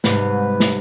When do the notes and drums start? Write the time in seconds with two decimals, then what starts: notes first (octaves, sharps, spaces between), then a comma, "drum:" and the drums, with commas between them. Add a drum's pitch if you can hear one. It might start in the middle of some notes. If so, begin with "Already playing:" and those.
0.04 G#2 C3 G3 B4, drum: snare
0.60 drum: snare